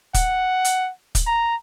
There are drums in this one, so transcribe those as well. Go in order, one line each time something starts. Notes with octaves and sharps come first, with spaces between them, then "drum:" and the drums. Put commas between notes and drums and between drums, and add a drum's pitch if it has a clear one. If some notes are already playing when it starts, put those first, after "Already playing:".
F#5, drum: kick, hi-hat
drum: hi-hat
drum: kick, hi-hat
A#5